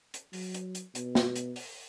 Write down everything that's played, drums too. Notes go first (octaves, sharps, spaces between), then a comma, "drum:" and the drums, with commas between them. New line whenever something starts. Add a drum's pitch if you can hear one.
drum: hi-hat
F#3, drum: open hi-hat
drum: hi-hat
drum: hi-hat
B2, drum: hi-hat
drum: snare
drum: hi-hat
drum: open hi-hat